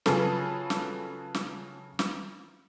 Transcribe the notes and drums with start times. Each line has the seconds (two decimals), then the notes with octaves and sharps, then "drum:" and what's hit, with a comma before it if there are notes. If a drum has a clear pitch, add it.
0.06 C#3 F#3 F4 G#4 A4 B4, drum: snare
0.70 drum: snare
1.34 drum: snare
1.99 drum: snare